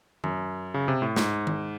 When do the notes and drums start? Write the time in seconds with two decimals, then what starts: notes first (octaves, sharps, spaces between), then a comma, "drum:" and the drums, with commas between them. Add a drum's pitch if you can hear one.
0.24 F#2, drum: tom D#3
0.74 C#3
0.88 C3
1.02 A2
1.16 G#2, drum: snare
1.47 drum: tom D#3